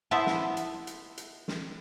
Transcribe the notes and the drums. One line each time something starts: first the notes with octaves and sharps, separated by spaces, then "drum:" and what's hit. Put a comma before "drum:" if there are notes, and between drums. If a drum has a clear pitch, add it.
B3 E4 C5 E5 A5
drum: snare
drum: hi-hat
drum: hi-hat
drum: hi-hat
drum: snare